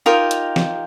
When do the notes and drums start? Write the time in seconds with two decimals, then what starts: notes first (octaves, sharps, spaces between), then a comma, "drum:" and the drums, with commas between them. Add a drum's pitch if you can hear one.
0.06 D#4 F4 G4 A#4
0.31 drum: hi-hat
0.56 drum: snare